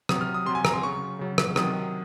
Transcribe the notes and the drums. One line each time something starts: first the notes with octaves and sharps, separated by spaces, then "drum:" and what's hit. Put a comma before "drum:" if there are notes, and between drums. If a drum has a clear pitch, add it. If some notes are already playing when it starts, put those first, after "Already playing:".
C3 F#3 D#6, drum: rim click
F6
D#6
C3 F#3 C6
G#5
A#5, drum: rim click
C6
C#3 F#3 C#6
C#3 F#3
drum: rim click
C3 D#3 F#3 D#6, drum: rim click